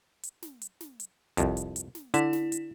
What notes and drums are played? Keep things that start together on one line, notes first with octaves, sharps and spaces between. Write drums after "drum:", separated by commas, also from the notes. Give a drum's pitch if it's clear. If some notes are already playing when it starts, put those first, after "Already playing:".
drum: hi-hat
drum: snare
drum: hi-hat
drum: snare
drum: hi-hat
C2 F2, drum: kick, hi-hat
drum: hi-hat
drum: hi-hat
drum: snare
D3 E4, drum: hi-hat
drum: snare
drum: hi-hat